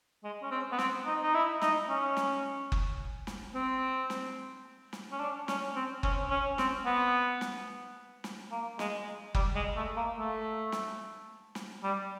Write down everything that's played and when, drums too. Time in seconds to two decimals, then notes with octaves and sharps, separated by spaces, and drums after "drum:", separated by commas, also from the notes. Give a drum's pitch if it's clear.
0.24 G#3
0.42 C#4
0.51 C4
0.72 B3
0.79 C4, drum: snare
1.06 D#4
1.23 D#4
1.34 E4
1.62 D#4, drum: snare
1.90 C#4
2.17 drum: snare
2.72 drum: kick F#1
3.27 drum: snare
3.55 C4
4.10 drum: snare
4.93 drum: snare
5.12 C#4
5.20 D4
5.48 C#4, drum: snare
5.76 C4
6.03 C#4, drum: kick F#1
6.30 C#4
6.58 C4, drum: snare
6.85 B3
7.41 drum: snare
8.24 drum: snare
8.51 A#3
8.79 G#3, drum: snare
9.35 G3, drum: kick F#1
9.55 G#3
9.76 A3
9.96 A#3
10.17 A3
10.72 drum: snare
11.55 drum: snare
11.83 G3